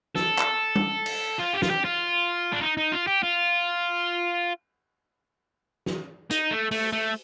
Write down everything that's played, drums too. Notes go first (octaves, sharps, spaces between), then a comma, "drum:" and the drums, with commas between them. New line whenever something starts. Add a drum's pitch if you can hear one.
A4, drum: snare
drum: clap
drum: tom
drum: cymbal
F4
G4
F4, drum: snare
G4
F4
D4
D#4
D#4
F4
G4
F4
drum: snare
D#4, drum: hi-hat
A3
A3, drum: open hi-hat
A3